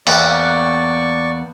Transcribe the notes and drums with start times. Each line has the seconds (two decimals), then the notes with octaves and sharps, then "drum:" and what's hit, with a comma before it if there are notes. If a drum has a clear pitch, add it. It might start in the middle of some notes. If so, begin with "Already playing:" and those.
0.07 E2 A#3 B3 D5 C#6, drum: cymbal